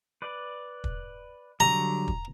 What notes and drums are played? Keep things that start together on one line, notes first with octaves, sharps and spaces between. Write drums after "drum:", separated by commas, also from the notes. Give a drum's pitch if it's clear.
B4 D5
drum: kick
D3 F#3 G3 A#5
drum: kick